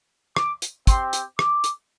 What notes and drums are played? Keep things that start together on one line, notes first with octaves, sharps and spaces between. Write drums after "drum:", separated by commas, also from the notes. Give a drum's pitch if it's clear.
D6, drum: rim click
drum: hi-hat
C4 G4 C6, drum: kick, hi-hat
drum: hi-hat
D6, drum: rim click
drum: hi-hat